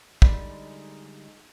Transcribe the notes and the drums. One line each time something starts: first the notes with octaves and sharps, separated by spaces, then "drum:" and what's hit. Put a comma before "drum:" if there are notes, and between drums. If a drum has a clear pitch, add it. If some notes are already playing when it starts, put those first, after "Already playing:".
D3 G3 G#3 D#4, drum: kick